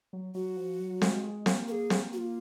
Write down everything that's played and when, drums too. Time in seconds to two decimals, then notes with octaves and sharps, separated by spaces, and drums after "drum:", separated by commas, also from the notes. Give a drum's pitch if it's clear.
0.13 F#3
0.35 F#3 F#4
0.57 F3
0.80 F#3
1.01 G#3, drum: snare C4
1.24 G#3
1.46 A#3, drum: snare C4
1.68 A#4
1.72 G#4
1.90 drum: snare C4
2.13 F#4
2.18 F4